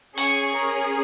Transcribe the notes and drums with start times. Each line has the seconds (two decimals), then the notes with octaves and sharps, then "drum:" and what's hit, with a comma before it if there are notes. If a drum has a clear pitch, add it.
0.18 C#4 G#4 G#5 C#6, drum: open hi-hat
0.55 A#4